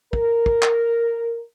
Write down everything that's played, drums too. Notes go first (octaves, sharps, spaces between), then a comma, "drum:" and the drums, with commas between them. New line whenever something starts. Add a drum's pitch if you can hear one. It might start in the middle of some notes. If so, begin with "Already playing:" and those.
A#4, drum: kick
drum: kick
drum: clap